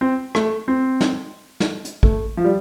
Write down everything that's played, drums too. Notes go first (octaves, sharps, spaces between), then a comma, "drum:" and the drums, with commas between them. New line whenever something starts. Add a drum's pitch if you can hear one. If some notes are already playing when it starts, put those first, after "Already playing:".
C4
A3, drum: rim click
C4
drum: snare
drum: snare
drum: hi-hat
A3, drum: kick
F3
G3